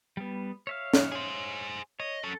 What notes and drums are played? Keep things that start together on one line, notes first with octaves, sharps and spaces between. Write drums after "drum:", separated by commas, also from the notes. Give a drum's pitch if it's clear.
G3 B3
C#5 E5 F5
drum: snare
G#4 C5
C#5 D#5
F#3 C#4 A4